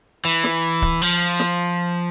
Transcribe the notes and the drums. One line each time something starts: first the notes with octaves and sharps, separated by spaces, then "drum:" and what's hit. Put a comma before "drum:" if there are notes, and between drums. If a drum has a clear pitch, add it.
E3
drum: snare
drum: kick C#1
F3
drum: snare